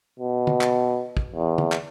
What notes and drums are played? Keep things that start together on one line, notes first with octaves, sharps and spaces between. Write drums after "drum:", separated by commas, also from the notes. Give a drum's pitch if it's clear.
B2
drum: tom
drum: clap
drum: kick
E2
drum: tom
drum: clap